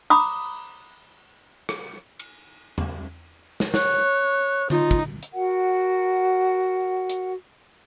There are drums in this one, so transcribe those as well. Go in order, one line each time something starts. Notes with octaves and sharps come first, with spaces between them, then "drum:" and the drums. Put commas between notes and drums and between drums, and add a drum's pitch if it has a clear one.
A#5 B5 D6 D#6, drum: cymbal
drum: rim click
drum: cymbal
drum: tom E2
drum: snare
C#5 F#6, drum: snare
D#4 F4, drum: tom D3
drum: kick
drum: hi-hat
F#4 A#4 F#5
drum: hi-hat